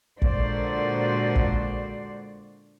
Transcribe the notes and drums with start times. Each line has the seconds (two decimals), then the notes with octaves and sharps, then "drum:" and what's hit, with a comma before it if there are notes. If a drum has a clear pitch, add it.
0.22 A#2 D3 G#3 F#4 C5 D5, drum: kick
1.35 drum: kick